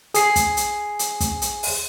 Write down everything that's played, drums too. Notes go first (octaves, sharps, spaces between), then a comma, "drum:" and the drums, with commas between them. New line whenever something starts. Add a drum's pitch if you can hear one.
G#4 C7, drum: hi-hat
drum: kick, hi-hat
drum: hi-hat
drum: hi-hat
drum: kick, hi-hat
drum: hi-hat
drum: open hi-hat